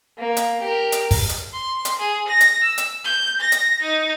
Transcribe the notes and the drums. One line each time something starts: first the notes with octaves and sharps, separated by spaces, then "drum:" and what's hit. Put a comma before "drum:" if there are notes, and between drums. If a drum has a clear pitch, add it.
A#3
drum: hi-hat
G4 A#4
drum: hi-hat
drum: kick, open hi-hat
drum: hi-hat
C6
drum: hi-hat
G#4
A#6
drum: hi-hat
E6
drum: hi-hat
G6
A#6
drum: hi-hat
D#4